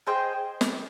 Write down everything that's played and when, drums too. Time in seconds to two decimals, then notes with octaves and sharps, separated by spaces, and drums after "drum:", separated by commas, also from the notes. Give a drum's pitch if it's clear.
0.07 G#4 C5 D#5 G5
0.61 drum: snare